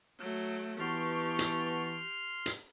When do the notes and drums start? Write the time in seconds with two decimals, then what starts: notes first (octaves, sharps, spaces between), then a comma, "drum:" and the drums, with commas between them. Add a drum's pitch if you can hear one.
0.20 F#3 A3
0.79 E3 B3 G4 A5 C6 C#6 F6
1.39 drum: hi-hat
2.46 drum: hi-hat